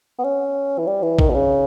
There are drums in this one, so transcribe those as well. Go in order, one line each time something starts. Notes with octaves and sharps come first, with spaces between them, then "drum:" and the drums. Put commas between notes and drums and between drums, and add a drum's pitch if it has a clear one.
B3
C#4
E3
G3
E3
D#3, drum: kick
B2
C#3